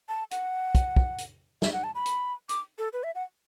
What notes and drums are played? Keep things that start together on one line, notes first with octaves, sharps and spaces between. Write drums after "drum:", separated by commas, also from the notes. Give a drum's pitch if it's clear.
A5
F#5, drum: hi-hat
drum: kick, hi-hat
drum: kick
drum: hi-hat
E5, drum: snare
F#5
A5
B5
drum: hi-hat
D6, drum: hi-hat
A4
B4
E5
F#5